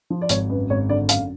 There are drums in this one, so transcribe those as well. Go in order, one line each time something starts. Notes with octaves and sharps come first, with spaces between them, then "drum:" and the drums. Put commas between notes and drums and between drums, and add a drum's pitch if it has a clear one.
F3
D5
G#1 C#5, drum: hi-hat
F#2 B4
G#1 C#5
D3 D5
F#2 F5, drum: hi-hat